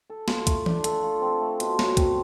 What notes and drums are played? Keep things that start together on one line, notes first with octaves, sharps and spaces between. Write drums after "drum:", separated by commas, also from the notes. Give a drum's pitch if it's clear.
A4
F4, drum: snare
A3, drum: kick, hi-hat
D4, drum: tom E3
A4, drum: hi-hat
F4
C4
A3
B2, drum: hi-hat
F#3, drum: snare
C4, drum: kick, hi-hat